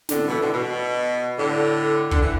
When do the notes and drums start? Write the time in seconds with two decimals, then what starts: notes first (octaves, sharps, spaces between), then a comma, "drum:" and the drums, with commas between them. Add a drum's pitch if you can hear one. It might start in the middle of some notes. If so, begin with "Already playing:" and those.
0.09 A2 D3, drum: snare
0.28 B2 E3
0.40 A2 D3
0.52 B2
1.38 A2 D3
2.11 D3, drum: kick
2.22 E3